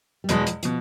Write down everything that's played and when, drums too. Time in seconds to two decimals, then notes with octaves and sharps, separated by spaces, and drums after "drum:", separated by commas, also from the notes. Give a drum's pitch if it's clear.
0.24 G3
0.29 E2 B2 F#3 G#3, drum: hi-hat
0.47 F3, drum: hi-hat
0.63 B2 F3, drum: hi-hat